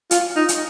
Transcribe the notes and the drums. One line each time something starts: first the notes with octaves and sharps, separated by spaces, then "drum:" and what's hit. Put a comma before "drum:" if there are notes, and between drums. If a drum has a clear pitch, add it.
F4, drum: hi-hat
D#4
drum: hi-hat